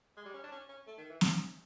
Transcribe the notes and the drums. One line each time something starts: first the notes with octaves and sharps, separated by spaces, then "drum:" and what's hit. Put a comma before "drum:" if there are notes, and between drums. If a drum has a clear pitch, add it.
G#3
G3
C#4
D4
C#4
C#4
A3
D#3
E3
F#3, drum: snare